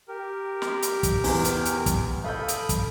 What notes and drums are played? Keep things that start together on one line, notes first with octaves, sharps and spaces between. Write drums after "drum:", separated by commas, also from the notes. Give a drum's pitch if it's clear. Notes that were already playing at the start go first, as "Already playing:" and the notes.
G4 A#4
drum: snare
drum: hi-hat
drum: kick, hi-hat
E2, drum: open hi-hat
drum: hi-hat
drum: hi-hat
drum: kick, hi-hat
A4 F5 B5 D#6 G6
drum: hi-hat
drum: kick, hi-hat